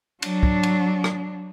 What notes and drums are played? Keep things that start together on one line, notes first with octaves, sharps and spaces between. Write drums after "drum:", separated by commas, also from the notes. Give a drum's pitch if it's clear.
F#3 D4, drum: cymbal
drum: kick
drum: cymbal
drum: rim click